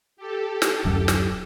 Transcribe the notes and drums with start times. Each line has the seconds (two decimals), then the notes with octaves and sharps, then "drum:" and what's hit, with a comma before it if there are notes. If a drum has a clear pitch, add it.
0.17 G4 A4
0.62 drum: snare
0.85 D1 F#2
1.08 drum: snare